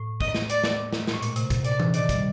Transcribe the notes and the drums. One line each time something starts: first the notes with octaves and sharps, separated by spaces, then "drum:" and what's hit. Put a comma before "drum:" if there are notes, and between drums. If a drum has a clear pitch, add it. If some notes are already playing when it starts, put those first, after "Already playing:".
Already playing: A2
D#5, drum: kick
drum: snare
D5, drum: hi-hat
drum: snare
drum: snare
A#2, drum: snare
A2
A#2, drum: hi-hat
C3, drum: hi-hat
C3, drum: kick, hi-hat
A#2 D5, drum: hi-hat
drum: tom E3
D#3 D5, drum: hi-hat
G3, drum: kick, hi-hat